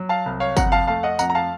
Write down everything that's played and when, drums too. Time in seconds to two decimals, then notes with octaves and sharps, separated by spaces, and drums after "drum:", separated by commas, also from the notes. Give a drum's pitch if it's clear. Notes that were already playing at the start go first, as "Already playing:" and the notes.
Already playing: F#3
0.09 F5 A5
0.26 C2
0.40 C#5 F5
0.57 F2 F#5 A#5, drum: kick, tambourine
0.72 F5 A5
0.87 A3 F5 A5
1.03 D#5 F#5
1.19 F2 F#5 A#5, drum: tambourine
1.30 A#5
1.35 F5 A5